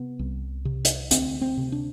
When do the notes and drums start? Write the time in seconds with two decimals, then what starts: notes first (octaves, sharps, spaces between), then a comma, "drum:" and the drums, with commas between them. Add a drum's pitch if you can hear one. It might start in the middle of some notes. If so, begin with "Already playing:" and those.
Already playing: C3 B3
0.19 C2
0.65 C3
0.85 drum: hi-hat
1.11 D2 C4, drum: hi-hat
1.41 C4
1.57 C3
1.72 D4